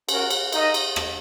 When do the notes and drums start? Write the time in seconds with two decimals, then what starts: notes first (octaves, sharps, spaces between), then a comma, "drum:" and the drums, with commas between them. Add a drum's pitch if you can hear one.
0.09 C#4 F#4 A#4, drum: cymbal
0.30 drum: cymbal
0.52 D#4 A#4 D#5, drum: cymbal
0.74 drum: cymbal
0.96 drum: rim click